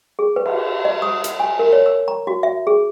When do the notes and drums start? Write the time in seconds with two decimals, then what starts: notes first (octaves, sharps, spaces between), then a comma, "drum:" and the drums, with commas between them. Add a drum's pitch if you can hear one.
0.19 G#4
0.36 B4
0.46 drum: cymbal
0.85 D#5
1.02 D#6
1.24 drum: hi-hat
1.40 G#5
1.59 A#4
1.73 C#5
1.86 E6
2.08 A#5
2.27 F#4
2.43 E5
2.67 G#4